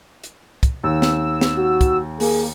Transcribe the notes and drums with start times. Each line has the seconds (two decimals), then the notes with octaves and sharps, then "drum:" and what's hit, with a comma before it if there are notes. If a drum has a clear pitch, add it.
0.24 drum: hi-hat
0.63 drum: kick, hi-hat
0.84 D#2 E6
1.02 drum: snare
1.41 drum: snare
1.57 F#4
1.81 drum: kick, hi-hat
2.20 A#3 G#4, drum: open hi-hat